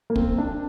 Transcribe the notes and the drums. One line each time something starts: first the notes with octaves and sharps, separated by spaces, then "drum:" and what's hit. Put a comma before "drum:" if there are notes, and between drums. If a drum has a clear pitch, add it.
A#3
C4, drum: kick
D4